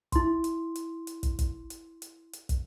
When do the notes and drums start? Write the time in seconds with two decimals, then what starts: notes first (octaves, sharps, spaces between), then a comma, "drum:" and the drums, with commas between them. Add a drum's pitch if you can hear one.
0.12 E4 C6, drum: kick, hi-hat
0.44 drum: hi-hat
0.75 drum: hi-hat
1.07 drum: hi-hat
1.23 drum: kick, hi-hat
1.39 drum: kick, hi-hat
1.70 drum: hi-hat
2.02 drum: hi-hat
2.33 drum: hi-hat
2.49 drum: kick, hi-hat